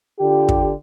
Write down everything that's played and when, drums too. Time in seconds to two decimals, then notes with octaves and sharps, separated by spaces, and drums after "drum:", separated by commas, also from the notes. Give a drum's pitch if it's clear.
0.19 D3 F4 G4
0.49 drum: kick